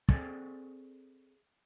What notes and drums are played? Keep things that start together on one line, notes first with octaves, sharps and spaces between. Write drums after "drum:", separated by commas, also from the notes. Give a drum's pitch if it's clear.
C4 G#4 A4 D5 G#5 A5, drum: kick